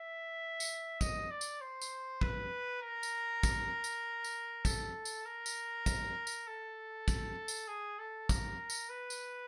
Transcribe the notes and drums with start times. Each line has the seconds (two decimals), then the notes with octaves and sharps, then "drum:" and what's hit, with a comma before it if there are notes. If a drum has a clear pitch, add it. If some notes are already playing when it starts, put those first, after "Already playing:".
Already playing: E5
0.60 drum: tambourine
1.01 D#5, drum: kick, tambourine
1.31 D5
1.41 drum: tambourine
1.61 C5
1.82 drum: tambourine
2.21 B4, drum: kick
2.83 A#4
3.03 drum: tambourine
3.43 drum: kick, tambourine
3.84 drum: tambourine
4.24 drum: tambourine
4.65 A4, drum: kick, tambourine
5.05 drum: tambourine
5.26 A#4
5.46 drum: tambourine
5.86 drum: kick, tambourine
6.27 drum: tambourine
6.47 A4
7.08 drum: kick, tambourine
7.48 drum: tambourine
7.68 G#4
7.99 A4
8.29 A#4, drum: kick, tambourine
8.70 drum: tambourine
8.89 B4
9.10 drum: tambourine